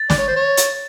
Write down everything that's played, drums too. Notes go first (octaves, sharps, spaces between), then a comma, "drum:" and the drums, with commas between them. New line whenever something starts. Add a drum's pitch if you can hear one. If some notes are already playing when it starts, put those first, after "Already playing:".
Already playing: A6
D5, drum: snare
C#5
C5
C#5
drum: hi-hat